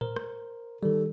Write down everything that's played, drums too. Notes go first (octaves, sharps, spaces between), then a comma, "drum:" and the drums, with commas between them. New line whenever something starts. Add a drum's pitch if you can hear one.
A#4 C5, drum: tom A2
drum: rim click
D#3 G3 A4